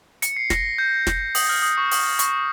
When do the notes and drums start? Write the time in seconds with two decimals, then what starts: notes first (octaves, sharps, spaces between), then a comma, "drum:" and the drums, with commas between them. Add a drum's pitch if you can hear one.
0.22 C#7, drum: hi-hat
0.36 C7
0.50 A#6, drum: snare
0.78 G6
1.07 drum: snare
1.35 D#6, drum: open hi-hat
1.49 F6
1.62 D#6
1.78 C#6
1.92 D#6, drum: open hi-hat
2.19 C#6, drum: hi-hat